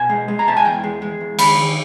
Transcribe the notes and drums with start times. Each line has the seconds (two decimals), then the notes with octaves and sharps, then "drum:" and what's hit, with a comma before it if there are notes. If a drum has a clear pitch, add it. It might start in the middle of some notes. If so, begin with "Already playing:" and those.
Already playing: B2 G#5
0.10 G#3
0.28 G#3
0.39 A#5
0.47 B2 A5
0.57 G#5
0.65 E2 G5
0.84 G#3
1.02 G#3
1.21 E2
1.39 D#3 B5, drum: cymbal
1.57 D#3